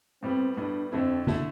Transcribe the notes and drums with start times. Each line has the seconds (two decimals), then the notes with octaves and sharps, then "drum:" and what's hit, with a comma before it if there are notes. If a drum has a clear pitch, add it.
0.23 A2 G3 B3 C4
0.57 A2 G3 B3 D4
0.92 F2 D3 A3 C4 E4
1.27 D3 A3 E4, drum: tom D3